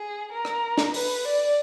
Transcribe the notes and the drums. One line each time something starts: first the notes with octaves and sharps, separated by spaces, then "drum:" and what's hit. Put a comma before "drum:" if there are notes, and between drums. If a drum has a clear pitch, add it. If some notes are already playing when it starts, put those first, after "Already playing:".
Already playing: G#4
A#4
drum: rim click
drum: snare
B4, drum: open hi-hat
D5